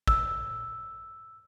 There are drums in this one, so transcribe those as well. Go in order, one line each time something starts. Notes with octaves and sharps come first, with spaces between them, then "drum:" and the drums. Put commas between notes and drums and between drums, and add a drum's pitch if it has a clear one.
E6, drum: kick G#1